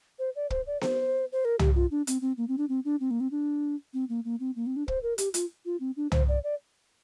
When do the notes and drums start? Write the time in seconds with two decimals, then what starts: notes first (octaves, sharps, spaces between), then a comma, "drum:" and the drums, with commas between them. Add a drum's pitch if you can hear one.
0.19 C5
0.36 D5
0.50 C5, drum: kick
0.67 D5
0.81 C5, drum: snare B3
1.32 C5
1.45 A#4
1.59 G4, drum: tom
1.75 F4
1.91 D4
2.07 C4, drum: hi-hat
2.22 C4
2.38 A#3
2.48 C4
2.58 D4
2.69 C4
2.85 D4
3.00 C4
3.11 A#3
3.20 C4
3.31 D4
3.94 C4
4.09 A#3
4.25 A#3
4.40 C4
4.56 A#3
4.66 C4
4.76 D4
4.88 C5, drum: kick
5.03 A#4
5.18 G4, drum: hi-hat
5.34 F4, drum: hi-hat
5.66 F4
5.80 C4
5.97 D4
6.12 C5, drum: tom
6.28 D5
6.44 D5